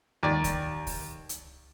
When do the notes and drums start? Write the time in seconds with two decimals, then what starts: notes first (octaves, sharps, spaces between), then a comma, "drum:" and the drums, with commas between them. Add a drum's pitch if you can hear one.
0.23 D#2 D5
0.44 drum: kick C#2, hi-hat
0.87 drum: kick C#2, open hi-hat
1.29 drum: hi-hat